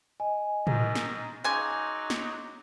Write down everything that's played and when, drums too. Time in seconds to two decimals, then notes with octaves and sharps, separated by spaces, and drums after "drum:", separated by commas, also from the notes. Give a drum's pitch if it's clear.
0.20 D#5 G#5
0.67 G#2 D#3, drum: tom A2
0.95 drum: snare
1.44 C#3 F#3 D#4 G#5 C6 D6
2.10 drum: snare